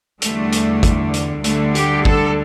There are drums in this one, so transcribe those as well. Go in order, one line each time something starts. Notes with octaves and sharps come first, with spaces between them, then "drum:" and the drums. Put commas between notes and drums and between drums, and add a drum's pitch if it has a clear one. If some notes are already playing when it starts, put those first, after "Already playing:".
E2 D3 G3 A3, drum: hi-hat
drum: hi-hat
drum: kick, hi-hat
drum: hi-hat
D2 D3 G3 A3, drum: hi-hat
G4, drum: hi-hat
A4, drum: kick